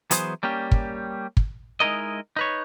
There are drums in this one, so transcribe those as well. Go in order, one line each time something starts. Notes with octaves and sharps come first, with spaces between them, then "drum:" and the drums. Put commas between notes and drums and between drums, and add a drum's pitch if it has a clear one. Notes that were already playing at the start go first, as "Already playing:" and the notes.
E3 F#3 B3 G#4 C5, drum: hi-hat
G3 A#3 C#4 G4
drum: kick
drum: kick
G#3 D#4 E4 A#4 D#5
D#4 B4 C#5